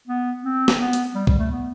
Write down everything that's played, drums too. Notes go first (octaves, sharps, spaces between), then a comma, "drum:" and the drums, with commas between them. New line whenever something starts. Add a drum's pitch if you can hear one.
B3
C4
drum: snare
B3
drum: hi-hat
G3
G3, drum: kick
A3
B3